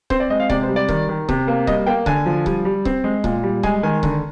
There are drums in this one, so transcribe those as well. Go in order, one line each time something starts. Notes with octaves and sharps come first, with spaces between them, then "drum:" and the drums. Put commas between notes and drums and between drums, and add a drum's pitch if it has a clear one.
C4 C5, drum: kick C#1
D5
G#3 D#5
F5
C3 D5, drum: kick C#1
C5
G3
D5
D#3, drum: kick C#1
D#3
C3, drum: kick C#1
A#3
G3 D#5, drum: kick C#1
A#3 G5
D3 G#5, drum: kick C#1
F3
G3, drum: kick C#1
G3
C4, drum: kick C#1
G#3
A#2, drum: kick C#1
G3
G#3 G#5, drum: kick C#1
D#3 G#5
D3, drum: kick C#1